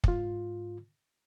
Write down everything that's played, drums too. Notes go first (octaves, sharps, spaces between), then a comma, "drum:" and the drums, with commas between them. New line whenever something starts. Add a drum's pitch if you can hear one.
G#2 F4, drum: kick